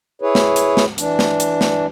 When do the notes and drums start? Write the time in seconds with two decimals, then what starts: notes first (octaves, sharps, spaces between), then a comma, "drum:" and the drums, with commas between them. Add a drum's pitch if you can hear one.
0.22 E4 G#4 B4 C#5
0.35 drum: snare
0.56 drum: hi-hat
0.77 drum: snare
0.98 E3 D4, drum: hi-hat
1.19 drum: snare
1.40 drum: hi-hat
1.61 drum: snare